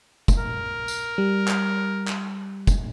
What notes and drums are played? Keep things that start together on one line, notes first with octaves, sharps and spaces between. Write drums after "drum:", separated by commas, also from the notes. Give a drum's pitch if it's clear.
drum: kick F1, tambourine
A#4
drum: tambourine
G3
drum: clap
drum: clap
drum: kick F1, tambourine